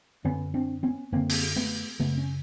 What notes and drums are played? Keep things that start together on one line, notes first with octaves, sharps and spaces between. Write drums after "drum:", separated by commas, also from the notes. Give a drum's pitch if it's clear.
F#2 D3 B3 C#4
C4 D4
B3 C#4
F#2 D3 A#3 C4
drum: open hi-hat
A3 B3
F#2 C#3 A3 B3
C#4